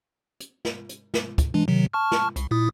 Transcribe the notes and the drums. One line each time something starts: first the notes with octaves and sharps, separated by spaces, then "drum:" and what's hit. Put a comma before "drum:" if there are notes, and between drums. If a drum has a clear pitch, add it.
drum: hi-hat
drum: snare
drum: hi-hat
drum: snare
drum: kick, hi-hat
E3 G#3 D4
C3 D#3 F#3
A5 C#6 F6
drum: snare
C2, drum: hi-hat
A#2 E4 D#6